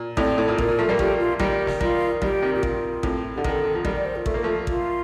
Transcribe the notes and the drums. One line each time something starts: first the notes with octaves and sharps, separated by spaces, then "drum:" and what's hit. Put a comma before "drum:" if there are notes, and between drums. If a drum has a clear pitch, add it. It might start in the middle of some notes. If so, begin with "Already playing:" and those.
Already playing: A#2
A2 C3 D5, drum: kick A1
A2
A#2
A#2 A#4, drum: kick A1
A#2
F3 A3
G3 A#3
F3 A3 G4, drum: kick A1
F4
D#3 G3 G4, drum: kick A1
drum: snare
D#3 G3 F4, drum: kick A1
D#3 G3 G4, drum: kick A1
C3 D#3
A#2 G4
F4, drum: kick A1
A2 C3, drum: kick A1
D3 G4
C3 D#3 A4, drum: kick A1
D#3
F3
D#3 G3 G4, drum: kick A1
D5
C5
F4
A3, drum: kick A1
A#3
F3 A3
F4, drum: kick A1